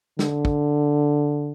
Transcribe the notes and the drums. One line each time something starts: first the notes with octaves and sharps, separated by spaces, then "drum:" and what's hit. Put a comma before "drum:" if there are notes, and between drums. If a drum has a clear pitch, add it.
D3, drum: snare
drum: kick